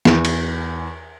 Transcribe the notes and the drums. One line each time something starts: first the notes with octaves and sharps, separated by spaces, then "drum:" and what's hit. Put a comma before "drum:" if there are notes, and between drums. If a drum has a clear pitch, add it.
E2, drum: snare
drum: cymbal